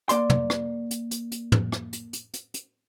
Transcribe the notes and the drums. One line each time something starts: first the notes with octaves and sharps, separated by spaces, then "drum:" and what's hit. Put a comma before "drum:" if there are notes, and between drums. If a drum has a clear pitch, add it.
A#3 D5 C6, drum: hi-hat
drum: tom
drum: rim click
drum: hi-hat
drum: hi-hat
drum: hi-hat
drum: tom
drum: rim click
drum: hi-hat
drum: hi-hat
drum: hi-hat
drum: hi-hat